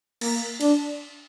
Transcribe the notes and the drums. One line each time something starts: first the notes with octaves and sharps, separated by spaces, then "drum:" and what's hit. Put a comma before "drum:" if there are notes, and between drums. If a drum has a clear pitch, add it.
A#3, drum: cymbal
D4, drum: cymbal